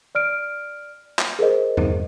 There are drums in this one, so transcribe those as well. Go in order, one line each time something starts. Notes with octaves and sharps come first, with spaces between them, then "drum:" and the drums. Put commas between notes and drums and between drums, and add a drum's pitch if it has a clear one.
D5 F6 D7
drum: clap
G#4 A#4 C5 D#5
drum: tom E2